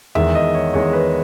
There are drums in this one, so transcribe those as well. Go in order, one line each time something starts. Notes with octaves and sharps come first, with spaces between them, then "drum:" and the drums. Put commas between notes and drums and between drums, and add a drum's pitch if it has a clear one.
E2 D#3 G#3 E5, drum: tom E2
D#5
C#5
E2 D#3 G#3 C#5
B4